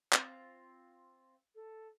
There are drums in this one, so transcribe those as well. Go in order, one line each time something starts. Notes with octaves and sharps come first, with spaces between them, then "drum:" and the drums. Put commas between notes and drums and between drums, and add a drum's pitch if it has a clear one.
C4 F4, drum: clap
A4